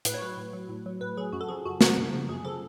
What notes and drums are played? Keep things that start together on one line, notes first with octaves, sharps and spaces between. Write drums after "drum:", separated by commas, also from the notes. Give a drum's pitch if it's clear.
A2 B4, drum: hi-hat
C#5
F#3 B4
A2
F#3
A2
F#3
A2 B4
F#3 G#4
F#2 F#4
A4
C#3 F3 G#4
F#2 F#4
C#3 F3 F#4, drum: snare
F#2
C#3 F3
F#2 G#4
C#3 F3 A4